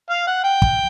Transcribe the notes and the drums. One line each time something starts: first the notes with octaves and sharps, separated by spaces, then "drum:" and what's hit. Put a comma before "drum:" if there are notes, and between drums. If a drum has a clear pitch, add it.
F5
F#5
G5
drum: kick